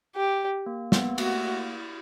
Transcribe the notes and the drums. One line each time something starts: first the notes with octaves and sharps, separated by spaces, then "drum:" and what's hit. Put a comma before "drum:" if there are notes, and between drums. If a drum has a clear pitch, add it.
G4
A#3
B3, drum: snare
A#3
A3 F#4, drum: cymbal
A#3
E4
E4